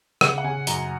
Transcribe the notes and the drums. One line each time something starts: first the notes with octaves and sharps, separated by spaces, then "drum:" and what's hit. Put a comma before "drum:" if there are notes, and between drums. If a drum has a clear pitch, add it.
C#3 F#5, drum: rim click
F#5
C#3 G#5
F#2 A#5, drum: hi-hat